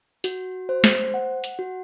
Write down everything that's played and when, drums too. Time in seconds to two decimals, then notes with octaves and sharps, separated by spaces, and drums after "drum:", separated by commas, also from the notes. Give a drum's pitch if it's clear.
0.24 F#4, drum: hi-hat
0.69 C5
0.84 drum: snare
1.14 F#5
1.44 drum: hi-hat
1.59 F#4